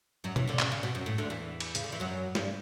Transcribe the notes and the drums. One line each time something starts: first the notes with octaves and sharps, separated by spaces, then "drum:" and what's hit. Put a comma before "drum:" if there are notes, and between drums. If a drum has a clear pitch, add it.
F#2 F#3
E2 E3, drum: tom B2
D2 D3
C#3, drum: clap
C#3
B2
F#2
A2
D2 D3
E2 E3
drum: cymbal
C#3, drum: hi-hat
D3
E3
F#2 F#3
G2 G3, drum: snare